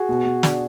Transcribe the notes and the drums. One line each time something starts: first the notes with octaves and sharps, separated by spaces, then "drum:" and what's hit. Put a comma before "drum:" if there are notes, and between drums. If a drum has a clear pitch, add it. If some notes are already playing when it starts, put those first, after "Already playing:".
Already playing: F#4 G#4
B2
B2
D4, drum: snare